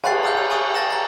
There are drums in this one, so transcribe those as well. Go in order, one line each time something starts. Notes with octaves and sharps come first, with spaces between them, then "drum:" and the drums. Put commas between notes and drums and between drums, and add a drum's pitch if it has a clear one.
G#5 A5 B5 F#6 A6 C7, drum: cymbal
A5 A#5 D6 E6 F#6 G6
E6
G#5 C#6 D#6
G#5 A5 A6 A#6 E7
A#5 A6